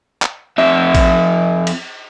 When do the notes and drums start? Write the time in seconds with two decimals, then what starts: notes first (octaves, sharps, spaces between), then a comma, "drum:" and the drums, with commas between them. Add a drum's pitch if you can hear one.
0.22 drum: clap
0.58 F2 E5
0.95 drum: kick A1, cymbal
1.67 drum: cymbal